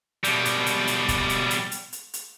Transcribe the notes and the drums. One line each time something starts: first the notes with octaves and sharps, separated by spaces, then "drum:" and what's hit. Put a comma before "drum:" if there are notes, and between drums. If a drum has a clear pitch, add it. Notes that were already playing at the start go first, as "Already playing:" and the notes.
B2 G3, drum: hi-hat
drum: hi-hat
drum: hi-hat
drum: hi-hat
drum: kick, hi-hat
drum: hi-hat
drum: hi-hat
drum: hi-hat
drum: hi-hat
drum: hi-hat